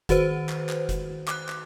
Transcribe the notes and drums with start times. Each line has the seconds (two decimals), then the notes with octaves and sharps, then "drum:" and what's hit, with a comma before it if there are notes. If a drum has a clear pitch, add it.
0.09 D#3 F#4 B4 C5, drum: kick F1, hi-hat
0.49 drum: clap
0.69 drum: clap
0.89 drum: kick F1, hi-hat
1.28 D6 F#6, drum: clap
1.49 drum: clap